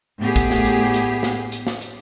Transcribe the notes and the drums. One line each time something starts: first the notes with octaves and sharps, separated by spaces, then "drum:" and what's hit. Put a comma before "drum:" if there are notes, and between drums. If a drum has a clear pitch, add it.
A2 B3 G4 G#4
drum: kick, hi-hat
drum: snare
drum: hi-hat
drum: hi-hat
drum: snare
drum: hi-hat
drum: snare
drum: hi-hat